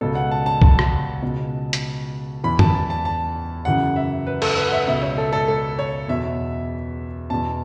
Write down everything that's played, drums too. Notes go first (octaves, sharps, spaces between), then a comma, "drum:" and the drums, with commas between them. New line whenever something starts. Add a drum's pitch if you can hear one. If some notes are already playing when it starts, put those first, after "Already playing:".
C#2 B2 A4
F#5
A5
A5
A5, drum: kick
drum: rim click
C#2 B2
drum: hi-hat
E2 E3 B5
A5, drum: tom F#2
A5
A5
A5
F#2 C#3 E3 F#5
E5
B4
A4, drum: cymbal
B4
F#5
E5
C#2 B2 E5
C#5
A4
A4
A4
C#5
E2 B2 E5
E2 B2 A5